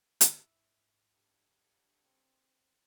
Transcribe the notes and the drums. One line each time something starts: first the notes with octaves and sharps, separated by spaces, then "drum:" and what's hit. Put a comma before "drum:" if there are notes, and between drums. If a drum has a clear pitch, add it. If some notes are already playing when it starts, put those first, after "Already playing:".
drum: hi-hat
G#2 E4
G2 D3 F#3
C4